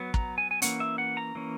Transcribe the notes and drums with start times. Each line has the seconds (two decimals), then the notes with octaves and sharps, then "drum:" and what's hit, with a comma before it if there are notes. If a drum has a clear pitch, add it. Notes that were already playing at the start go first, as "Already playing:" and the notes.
Already playing: F#3 B3
0.14 A#5, drum: kick
0.38 G#5
0.51 G#5
0.62 E3 A#3 C#4 F#5, drum: hi-hat
0.80 E5
0.98 F#5
1.17 A#5
1.35 E3 A#3 C#4